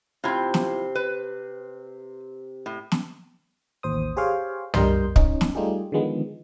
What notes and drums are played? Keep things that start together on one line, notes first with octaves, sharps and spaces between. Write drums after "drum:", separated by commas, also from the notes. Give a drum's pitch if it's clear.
C3 E4 F4 C6
drum: snare
B4
A2
drum: snare
A1 D#2 C5 D#6
G4 G#4 C5 C#5 F5 G5
G2 G3 A#4 D#5 C6 G6, drum: tom
C#4 D#4, drum: kick
drum: snare
G3 A3 D#4 F4 G4 G#4
D3 D#3 F3 G#3 B3